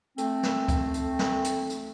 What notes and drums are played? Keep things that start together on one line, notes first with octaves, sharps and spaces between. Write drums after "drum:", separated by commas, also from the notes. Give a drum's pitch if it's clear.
A3 C4, drum: hi-hat
drum: snare
drum: kick C#2, hi-hat
drum: hi-hat
drum: snare
drum: hi-hat
drum: hi-hat